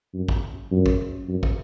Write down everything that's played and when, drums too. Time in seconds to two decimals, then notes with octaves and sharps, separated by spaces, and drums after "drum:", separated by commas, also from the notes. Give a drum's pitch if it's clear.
0.14 F#2
0.29 drum: kick
0.71 F#2
0.86 drum: kick
1.29 F#2
1.43 drum: kick